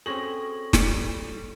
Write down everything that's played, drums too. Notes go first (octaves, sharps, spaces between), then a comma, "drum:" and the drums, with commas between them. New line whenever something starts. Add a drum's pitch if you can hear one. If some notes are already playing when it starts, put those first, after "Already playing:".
C4 C#4 F#4 G#4 A4 C#6 A#6 F#7
G3, drum: snare